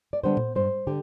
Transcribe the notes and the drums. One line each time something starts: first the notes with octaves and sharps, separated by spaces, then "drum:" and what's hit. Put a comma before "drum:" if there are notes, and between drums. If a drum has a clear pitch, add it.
D5
D3 G3 B3 D4 C5
drum: tom A2
G2 C5
D3 G4